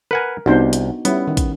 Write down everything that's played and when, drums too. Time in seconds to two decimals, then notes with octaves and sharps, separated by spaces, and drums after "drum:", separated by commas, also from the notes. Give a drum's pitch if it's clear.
0.11 A#4 B4 F#5 G#5
0.46 C2 B3 D4 D#4 F#4 C5
0.73 drum: hi-hat
1.05 G3 B3 C#4 E4, drum: hi-hat
1.27 D#3
1.37 drum: kick, hi-hat